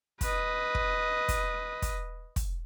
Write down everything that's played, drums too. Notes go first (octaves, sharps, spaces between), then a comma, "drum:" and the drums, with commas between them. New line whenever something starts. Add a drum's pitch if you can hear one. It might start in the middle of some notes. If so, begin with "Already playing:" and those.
B4 D#5, drum: kick, hi-hat
drum: kick
drum: kick, hi-hat
drum: kick, hi-hat
drum: kick, hi-hat